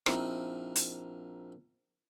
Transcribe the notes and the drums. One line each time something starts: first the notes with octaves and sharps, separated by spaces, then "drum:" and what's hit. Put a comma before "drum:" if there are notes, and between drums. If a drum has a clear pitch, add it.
A#1 A#3 C4 D#4 E4, drum: rim click
drum: hi-hat